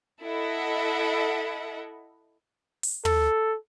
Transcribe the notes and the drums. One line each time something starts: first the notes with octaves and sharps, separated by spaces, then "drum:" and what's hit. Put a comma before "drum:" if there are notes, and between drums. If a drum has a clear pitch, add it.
E4 A4 D#5 E5 F#5
drum: open hi-hat
A4, drum: tom